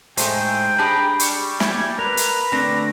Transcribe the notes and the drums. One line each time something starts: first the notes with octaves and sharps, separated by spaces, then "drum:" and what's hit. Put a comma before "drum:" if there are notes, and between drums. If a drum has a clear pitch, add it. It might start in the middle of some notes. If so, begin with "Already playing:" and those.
A2 G#3 A3 D#4 G#4 C5 G5, drum: hi-hat
D4 G4 G#4 A#5 B5
G3 C#6, drum: hi-hat
E5 G#6, drum: snare
A#4 B4 F7
drum: hi-hat
D3 A3 C4 D4 A#6